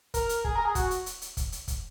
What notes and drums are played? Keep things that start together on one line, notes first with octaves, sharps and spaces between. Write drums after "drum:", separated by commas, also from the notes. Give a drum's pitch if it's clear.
A#4, drum: kick, hi-hat
drum: hi-hat
G#4, drum: kick
A#4
G#4
F#4, drum: kick, hi-hat
drum: hi-hat
drum: hi-hat
drum: hi-hat
drum: kick, hi-hat
drum: hi-hat
drum: kick, hi-hat